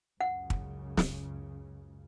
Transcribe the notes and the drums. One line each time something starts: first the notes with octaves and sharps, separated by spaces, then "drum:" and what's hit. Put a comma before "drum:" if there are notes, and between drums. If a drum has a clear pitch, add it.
C#2 F#2 C#3 F#5
drum: kick
drum: snare